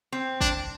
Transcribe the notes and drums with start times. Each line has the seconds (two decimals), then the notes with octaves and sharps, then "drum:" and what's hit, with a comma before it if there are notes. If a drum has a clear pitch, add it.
0.12 C4
0.41 D4, drum: kick